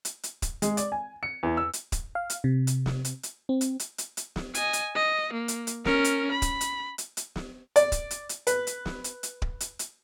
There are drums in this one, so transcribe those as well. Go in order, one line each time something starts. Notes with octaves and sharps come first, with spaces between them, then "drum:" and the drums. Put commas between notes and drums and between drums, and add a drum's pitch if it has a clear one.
drum: hi-hat
drum: hi-hat
drum: kick D1, hi-hat
G#3, drum: hi-hat
D5, drum: hi-hat
G#5
C#7
E2
E6
drum: hi-hat
drum: kick D1, hi-hat
F5
drum: hi-hat
C3
drum: hi-hat
drum: snare
drum: hi-hat
drum: hi-hat
C4
drum: hi-hat
drum: hi-hat
drum: hi-hat
drum: hi-hat
drum: snare
D#5 G#5, drum: hi-hat
drum: hi-hat
D#5
A#3
drum: hi-hat
drum: hi-hat
C#4 A#4, drum: snare
drum: hi-hat
B5
drum: kick D1, hi-hat
drum: hi-hat
drum: hi-hat
drum: hi-hat
drum: snare
D5, drum: hi-hat
drum: kick D1, hi-hat
drum: hi-hat
drum: hi-hat
B4, drum: hi-hat
drum: hi-hat
drum: snare
drum: hi-hat
drum: hi-hat
drum: kick D1
drum: hi-hat
drum: hi-hat